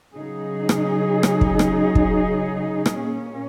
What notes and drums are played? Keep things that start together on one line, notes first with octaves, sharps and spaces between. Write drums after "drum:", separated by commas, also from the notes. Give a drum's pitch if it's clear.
C#3 F#3 D#4 G#4
drum: rim click
drum: rim click
drum: kick
drum: rim click
drum: kick
drum: rim click
A#2 A#3 C#4